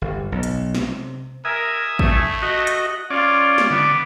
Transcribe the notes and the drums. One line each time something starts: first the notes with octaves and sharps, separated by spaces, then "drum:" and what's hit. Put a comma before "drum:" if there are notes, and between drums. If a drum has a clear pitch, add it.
G1
B1
drum: hi-hat
C3, drum: snare
A#4 E5 G#5 D#6
A3, drum: kick A1
F#4 D#5
drum: hi-hat
C#4 F4 D5
drum: snare
D3 B3 D6